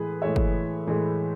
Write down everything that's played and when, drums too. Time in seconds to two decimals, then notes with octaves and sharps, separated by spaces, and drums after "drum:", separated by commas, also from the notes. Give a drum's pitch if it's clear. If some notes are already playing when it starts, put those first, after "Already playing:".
Already playing: A2 E3 G#3 G#4 B4
0.22 A2 E3 G#3 C#5 E5
0.36 drum: kick
0.87 A2 E3 G#3